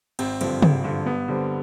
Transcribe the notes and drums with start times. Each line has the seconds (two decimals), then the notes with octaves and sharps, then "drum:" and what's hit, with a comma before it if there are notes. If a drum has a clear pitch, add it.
0.19 G#1 C4, drum: cymbal
0.41 G2 D3 F3, drum: cymbal
0.62 G#1, drum: tom
0.84 G2 D3 F3
1.06 G2 B3
1.28 D3 G3 C4